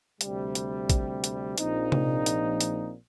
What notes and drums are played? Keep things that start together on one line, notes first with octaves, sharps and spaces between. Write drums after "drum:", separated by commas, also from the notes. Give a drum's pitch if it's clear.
D2 C3 G3, drum: hi-hat
drum: hi-hat
drum: kick, hi-hat
drum: hi-hat
A#1 A#2 F3 C4 D#4, drum: hi-hat
drum: tom C3
drum: hi-hat
drum: hi-hat